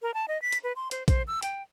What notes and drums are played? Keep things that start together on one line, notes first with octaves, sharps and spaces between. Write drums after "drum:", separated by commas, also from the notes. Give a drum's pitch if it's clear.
A#4
A5
D#5
B6
drum: hi-hat
B4
C6
C5, drum: hi-hat
C5, drum: kick, hi-hat
E6
G5, drum: hi-hat